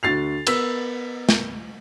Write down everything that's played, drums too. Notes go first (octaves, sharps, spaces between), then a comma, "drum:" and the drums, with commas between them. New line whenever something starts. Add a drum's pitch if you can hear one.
D2 F#4 A6 C7 F7
B3 A#4 E6 B6, drum: cymbal
drum: snare